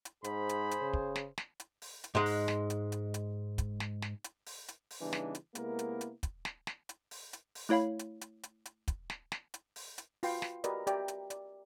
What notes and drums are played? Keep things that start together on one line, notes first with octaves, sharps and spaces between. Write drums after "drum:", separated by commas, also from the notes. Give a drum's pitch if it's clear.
drum: hi-hat
G#2 G#4 C5 B5, drum: hi-hat
drum: hi-hat
drum: hi-hat
C#3
drum: kick
drum: snare
drum: snare
drum: hi-hat
drum: open hi-hat
drum: hi-hat
G#2 G#3
drum: open hi-hat
drum: snare
drum: hi-hat
drum: hi-hat
drum: hi-hat
drum: kick, hi-hat
drum: snare
drum: snare
drum: hi-hat
drum: open hi-hat
drum: hi-hat
drum: open hi-hat
C#3 E3 G3 B3 D4 D#4
drum: snare
drum: hi-hat
C3 G#3 A#3 B3 E4 A#4, drum: hi-hat
drum: hi-hat
drum: hi-hat
drum: kick, hi-hat
drum: snare
drum: snare
drum: hi-hat
drum: open hi-hat
drum: hi-hat
drum: open hi-hat
A3 E4 C#5 F5 B5
drum: hi-hat
drum: hi-hat
drum: hi-hat
drum: hi-hat
drum: kick, hi-hat
drum: snare
drum: snare
drum: hi-hat
drum: open hi-hat
drum: hi-hat
F4 F#4 B4 G5 C6, drum: open hi-hat
drum: snare
F#4 G4 A#4 B4 D5 D#5, drum: hi-hat
G4 D5 E5 G5 A#5, drum: hi-hat
drum: hi-hat
D5, drum: hi-hat